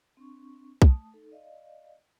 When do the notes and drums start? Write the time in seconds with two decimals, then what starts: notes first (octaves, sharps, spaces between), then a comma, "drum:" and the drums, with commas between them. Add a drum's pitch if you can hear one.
0.17 C4 D4 C#6
0.82 A3 A5 D#6, drum: kick B1
1.14 D#4 A4
1.32 D5 D#5 F5